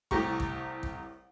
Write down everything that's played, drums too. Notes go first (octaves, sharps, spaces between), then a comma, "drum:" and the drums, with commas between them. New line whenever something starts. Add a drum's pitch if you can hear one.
C2 A2 G4 A#5 C#6, drum: kick A1
drum: kick A1
drum: kick A1